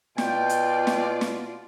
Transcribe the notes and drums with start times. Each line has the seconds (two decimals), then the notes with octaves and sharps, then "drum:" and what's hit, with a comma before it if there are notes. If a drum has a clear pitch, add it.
0.18 B2 F4 D5 G5, drum: snare
0.49 drum: hi-hat
0.87 drum: snare
1.21 drum: snare